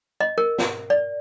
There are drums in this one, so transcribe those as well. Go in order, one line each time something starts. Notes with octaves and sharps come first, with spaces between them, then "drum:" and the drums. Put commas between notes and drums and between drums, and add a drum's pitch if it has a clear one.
D#5
A#4
drum: snare
D5